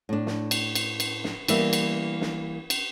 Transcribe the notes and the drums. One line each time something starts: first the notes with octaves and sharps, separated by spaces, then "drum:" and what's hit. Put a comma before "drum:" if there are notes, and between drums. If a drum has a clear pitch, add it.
A2 D4
drum: snare
drum: cymbal
drum: cymbal
drum: cymbal
drum: snare
E3 G3 A#3 B3 E5, drum: cymbal
drum: cymbal
drum: snare
drum: cymbal